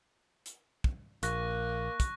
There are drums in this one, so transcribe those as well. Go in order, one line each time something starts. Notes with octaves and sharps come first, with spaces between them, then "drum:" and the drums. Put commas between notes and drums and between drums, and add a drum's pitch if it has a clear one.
drum: hi-hat
drum: kick
A#1 A#3 C#6 F#6 A#6, drum: hi-hat
drum: kick, hi-hat